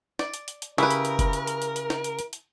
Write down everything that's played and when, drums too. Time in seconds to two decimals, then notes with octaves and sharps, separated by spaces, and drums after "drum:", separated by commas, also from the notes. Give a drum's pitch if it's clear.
0.19 D5, drum: snare
0.34 drum: hi-hat
0.48 drum: hi-hat
0.62 drum: hi-hat
0.78 C#3 E4 G4 A#4 B4, drum: snare
0.90 drum: hi-hat
1.05 drum: hi-hat
1.19 drum: kick, hi-hat
1.33 drum: hi-hat
1.47 drum: hi-hat
1.62 drum: hi-hat
1.76 drum: hi-hat
1.90 drum: snare
2.04 drum: hi-hat
2.19 drum: hi-hat
2.33 drum: hi-hat